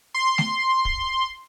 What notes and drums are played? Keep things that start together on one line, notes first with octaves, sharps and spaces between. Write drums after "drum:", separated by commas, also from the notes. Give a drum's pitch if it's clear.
C6
drum: snare A3
drum: kick